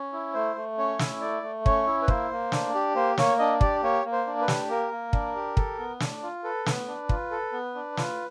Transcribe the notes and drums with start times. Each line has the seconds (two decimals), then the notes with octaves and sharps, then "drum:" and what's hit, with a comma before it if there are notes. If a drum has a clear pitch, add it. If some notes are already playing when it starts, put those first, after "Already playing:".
Already playing: C#4
0.13 E4
0.34 A3 C5
0.56 A3
0.78 C#4 C#5
0.99 E4, drum: snare
1.21 A3 D5
1.43 A3
1.66 C#4 C#5, drum: kick
1.87 E4
2.02 B4
2.08 A#3 C5, drum: kick
2.31 A#3
2.52 D4, drum: snare
2.75 G4
2.95 A#3 C5
3.17 A#3 C#5, drum: snare
3.39 D4 D#5
3.61 G4 D5, drum: kick
3.83 A#3 C#5
4.05 A#3
4.12 C5
4.27 D4
4.41 B4
4.48 G4, drum: snare
4.69 A#3 A#4
4.92 A#3
5.13 D4, drum: kick
5.36 G4
5.57 A4, drum: kick
5.79 B3
6.00 D4, drum: snare
6.23 F4
6.44 A4 B4
6.66 B3, drum: snare
6.88 D4
7.09 F4, drum: kick
7.31 A4
7.53 B3
7.75 D4
7.97 F4, drum: snare